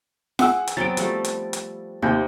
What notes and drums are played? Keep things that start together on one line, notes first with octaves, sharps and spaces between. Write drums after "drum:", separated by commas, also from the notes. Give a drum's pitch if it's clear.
G#4 F#5 E6, drum: snare F4
drum: hi-hat
F#3 B3 C4 A6 D7
F3 G3 A3, drum: hi-hat
drum: hi-hat
drum: hi-hat
D#2 C3 C4 G6